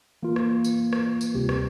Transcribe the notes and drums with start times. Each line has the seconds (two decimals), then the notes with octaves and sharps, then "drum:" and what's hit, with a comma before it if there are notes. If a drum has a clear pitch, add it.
0.23 E3 A#3 F4
0.36 drum: rim click
0.64 drum: tambourine
0.93 drum: rim click
1.21 drum: tambourine
1.34 D2 C3 G3 C4 G4
1.49 drum: rim click